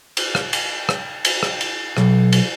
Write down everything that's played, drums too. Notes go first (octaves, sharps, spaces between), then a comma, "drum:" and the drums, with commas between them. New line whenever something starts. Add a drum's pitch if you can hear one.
drum: cymbal
drum: rim click
drum: cymbal
drum: rim click
drum: cymbal
drum: rim click
drum: cymbal
B1, drum: rim click
drum: cymbal